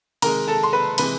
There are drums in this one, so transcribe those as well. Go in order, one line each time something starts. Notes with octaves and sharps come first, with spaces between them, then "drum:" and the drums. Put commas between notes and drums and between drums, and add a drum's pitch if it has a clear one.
C3 D#3 G#3 A#4 A#5, drum: cymbal
A4 A5
C6
B4 B5
C3 E3 G#3 B4 B5, drum: cymbal